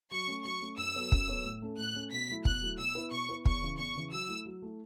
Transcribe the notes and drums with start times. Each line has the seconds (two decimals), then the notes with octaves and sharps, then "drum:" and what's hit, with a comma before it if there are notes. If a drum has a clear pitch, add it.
0.11 F#3 C#6
0.27 A3 C#4
0.45 F#3 C#6
0.61 A3 C#4
0.77 F#2 E6
0.95 F#3 B3 A4 C#5
1.12 F#2, drum: kick
1.28 F#3 B3 A4 C#5
1.44 A2
1.62 A3 C#4 A4
1.78 A2 F#6
1.94 A3 C#4 A4
2.11 B2 B6
2.29 F#3 A3 E4
2.45 B2 F#6, drum: kick
2.61 F#3 A3 E4
2.78 B2 E6
2.95 B3 E4 B4
3.11 B2 C#6
3.28 B3 E4 B4
3.45 E2 C#6, drum: kick
3.61 C#3 E3
3.78 E2 C#6
3.95 C#3 E3
4.12 F#3 E6
4.28 A3 E4
4.46 F#3
4.62 A3 E4